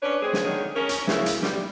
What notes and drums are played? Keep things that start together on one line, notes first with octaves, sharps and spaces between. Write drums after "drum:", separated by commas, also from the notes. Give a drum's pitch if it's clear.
C#4 D4 B4 C#5
G#3 C4 G#4
drum: snare
D3 D#3 G#4 C#5
C#4 A#4
drum: hi-hat
C#3 E4, drum: snare
drum: hi-hat
G3, drum: snare